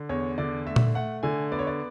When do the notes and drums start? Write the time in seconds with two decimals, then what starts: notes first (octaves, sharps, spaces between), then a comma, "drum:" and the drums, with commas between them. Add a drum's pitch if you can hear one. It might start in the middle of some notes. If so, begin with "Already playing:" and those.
Already playing: D3
0.09 E2 C#5
0.38 D3 D5
0.66 A3 E5
0.76 drum: tom A#2
0.94 A3 F#5
1.23 D3 G#5
1.52 B3 D5
1.59 C#5
1.67 D5